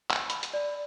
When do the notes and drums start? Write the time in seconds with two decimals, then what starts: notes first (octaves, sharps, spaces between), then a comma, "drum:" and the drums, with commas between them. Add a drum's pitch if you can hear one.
0.11 E6, drum: clap
0.30 B5, drum: hi-hat
0.43 drum: hi-hat
0.53 D5